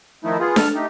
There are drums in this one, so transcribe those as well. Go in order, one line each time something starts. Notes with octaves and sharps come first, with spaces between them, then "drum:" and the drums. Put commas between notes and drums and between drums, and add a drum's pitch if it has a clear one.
D#3 F3 A3 D#4 E4
B3 F4 G#4
A4 F6, drum: snare D4
A3 D#4 G4